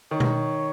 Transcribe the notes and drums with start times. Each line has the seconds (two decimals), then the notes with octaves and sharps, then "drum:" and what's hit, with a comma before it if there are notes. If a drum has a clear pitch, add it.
0.11 D#3 C#5
0.20 drum: tom B2